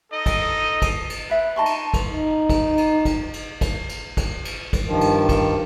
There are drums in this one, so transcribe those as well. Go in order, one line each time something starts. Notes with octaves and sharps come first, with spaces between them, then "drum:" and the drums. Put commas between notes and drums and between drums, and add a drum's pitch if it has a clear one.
D#4 A4 D#5
drum: kick, cymbal
drum: kick, cymbal
drum: cymbal
B4 E5
D#4 A5 C6 C#6
drum: cymbal
drum: kick, cymbal
D#4
drum: kick, cymbal
drum: cymbal
drum: kick, cymbal
drum: cymbal
drum: kick, cymbal
drum: cymbal
drum: kick, cymbal
drum: cymbal
drum: kick, cymbal
G2 D#3 F3
drum: cymbal
drum: kick, cymbal